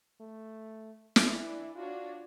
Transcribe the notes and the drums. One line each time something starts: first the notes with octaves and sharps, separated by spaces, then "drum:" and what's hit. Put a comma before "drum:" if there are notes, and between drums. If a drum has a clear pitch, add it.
A3
drum: snare
E3 D4 E4
D4 F4 F#4 C#5